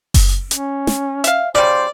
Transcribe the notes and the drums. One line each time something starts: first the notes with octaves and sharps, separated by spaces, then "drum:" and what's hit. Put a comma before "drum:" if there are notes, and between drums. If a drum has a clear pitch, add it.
drum: kick F#1, open hi-hat
C#4, drum: hi-hat
drum: snare
E5 F5, drum: hi-hat
C#3 F3 G3 C5 D5